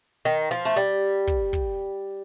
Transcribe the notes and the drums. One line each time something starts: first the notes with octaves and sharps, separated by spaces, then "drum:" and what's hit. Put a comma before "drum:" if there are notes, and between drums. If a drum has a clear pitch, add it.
D#3
F3
A3
G3
drum: kick
drum: kick